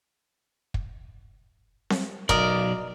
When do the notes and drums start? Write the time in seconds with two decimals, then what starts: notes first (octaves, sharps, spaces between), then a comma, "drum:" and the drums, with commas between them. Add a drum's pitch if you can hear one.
0.74 drum: kick
1.90 drum: snare C4
2.29 B1 A#4 D5 D#5, drum: kick